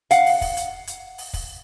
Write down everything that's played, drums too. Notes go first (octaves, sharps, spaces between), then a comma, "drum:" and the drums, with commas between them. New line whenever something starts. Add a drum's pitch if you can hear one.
F5 F#5, drum: hi-hat
drum: open hi-hat
drum: kick, open hi-hat
drum: hi-hat
drum: hi-hat
drum: open hi-hat
drum: kick, open hi-hat